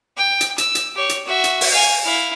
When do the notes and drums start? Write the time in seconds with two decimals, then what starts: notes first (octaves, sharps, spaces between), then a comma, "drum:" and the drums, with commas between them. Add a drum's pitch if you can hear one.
0.17 G5
0.41 drum: hi-hat
0.58 E6, drum: hi-hat
0.75 drum: hi-hat
0.95 G4 C#5
1.09 drum: hi-hat
1.27 F#4 E5
1.44 drum: hi-hat
1.61 drum: open hi-hat
1.71 F5 G#5
2.04 E4 F5